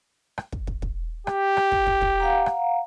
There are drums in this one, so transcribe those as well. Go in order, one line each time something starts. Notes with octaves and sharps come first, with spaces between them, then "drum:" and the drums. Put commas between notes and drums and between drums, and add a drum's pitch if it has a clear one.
drum: rim click
drum: kick
drum: kick
drum: kick
G4, drum: rim click
drum: rim click
drum: kick
drum: kick
drum: kick
F5 F#5 A#5
drum: rim click